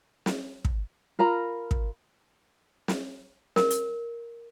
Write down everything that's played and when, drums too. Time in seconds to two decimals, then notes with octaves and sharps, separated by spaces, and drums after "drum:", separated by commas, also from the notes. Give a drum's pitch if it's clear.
0.26 drum: snare
0.65 drum: kick
1.19 F4 A#4 A#5 B5
1.71 drum: kick
2.88 drum: snare
3.56 A#4, drum: snare
3.70 drum: hi-hat